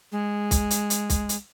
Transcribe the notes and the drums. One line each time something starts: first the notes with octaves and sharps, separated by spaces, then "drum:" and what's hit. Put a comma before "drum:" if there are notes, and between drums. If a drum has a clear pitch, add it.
G#3
drum: kick, hi-hat
drum: hi-hat
drum: hi-hat
drum: kick, hi-hat
drum: hi-hat